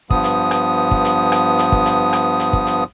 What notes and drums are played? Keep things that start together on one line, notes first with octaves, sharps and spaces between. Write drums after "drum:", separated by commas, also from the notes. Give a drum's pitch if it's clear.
G2 F3 B3 D#6, drum: kick
drum: hi-hat
drum: rim click
drum: kick
drum: hi-hat
drum: rim click
drum: hi-hat
drum: kick
drum: hi-hat
drum: rim click
drum: hi-hat
drum: kick
drum: hi-hat